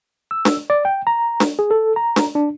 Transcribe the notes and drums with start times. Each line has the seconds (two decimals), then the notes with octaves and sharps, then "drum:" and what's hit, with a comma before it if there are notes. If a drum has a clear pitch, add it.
0.31 E6
0.45 drum: snare D4
0.70 D5
0.85 G5
1.07 A#5
1.40 drum: snare D4
1.59 G#4
1.71 A4
1.96 A#5
2.16 drum: snare D4
2.35 D4